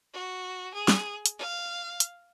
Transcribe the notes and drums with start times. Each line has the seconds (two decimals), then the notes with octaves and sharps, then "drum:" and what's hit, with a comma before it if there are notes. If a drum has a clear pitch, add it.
0.13 F#4
0.74 G#4
0.88 drum: snare
1.26 drum: hi-hat
1.39 F5
2.00 drum: hi-hat